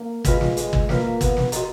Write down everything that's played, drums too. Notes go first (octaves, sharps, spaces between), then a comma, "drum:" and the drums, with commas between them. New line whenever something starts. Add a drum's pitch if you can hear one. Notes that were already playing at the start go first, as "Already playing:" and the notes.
Already playing: A#3
G#3 F4 B4 F5, drum: kick, hi-hat
drum: snare
G#3, drum: hi-hat
drum: kick
A#3 F4 B4 F5, drum: snare
B3, drum: kick, hi-hat
drum: snare
F#4 A#4 D#5 A#5, drum: hi-hat